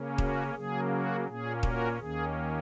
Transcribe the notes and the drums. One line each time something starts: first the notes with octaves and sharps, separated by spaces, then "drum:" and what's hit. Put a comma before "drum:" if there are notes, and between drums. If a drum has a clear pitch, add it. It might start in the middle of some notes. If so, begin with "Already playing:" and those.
Already playing: C#3 A#3 C#4
F#4, drum: kick
C#3 F#3 A#3 G#4
F#4
A#2 A#3 C#4 G#4
F#4 A#4, drum: kick
D#2 D#3 A#3 C#4 G#4